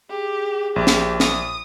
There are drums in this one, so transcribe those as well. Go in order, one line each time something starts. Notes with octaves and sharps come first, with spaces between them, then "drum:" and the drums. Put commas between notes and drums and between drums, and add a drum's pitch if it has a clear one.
G4 G#4
A#1 G4
drum: snare
D#6, drum: snare